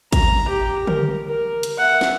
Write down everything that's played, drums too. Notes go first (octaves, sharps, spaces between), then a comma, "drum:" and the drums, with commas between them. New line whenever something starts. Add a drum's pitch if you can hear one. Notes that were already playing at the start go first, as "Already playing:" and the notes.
A#5, drum: kick, hi-hat
G4
A#4, drum: tom
A#4
drum: hi-hat
E5 F#5
drum: snare